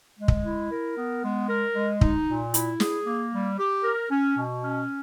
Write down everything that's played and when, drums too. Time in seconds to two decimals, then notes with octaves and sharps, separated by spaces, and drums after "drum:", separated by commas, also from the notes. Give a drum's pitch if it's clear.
0.19 G#3
0.28 drum: kick
0.44 E4
0.71 A#4
0.97 B3
1.23 G#3
1.49 A#4
1.75 G#3
2.01 D#4, drum: kick
2.28 A#2
2.54 E4, drum: hi-hat
2.80 G#4, drum: snare
3.06 A#3
3.33 G3
3.59 G4
3.84 A#4
4.11 C#4
4.37 B2
4.63 C#4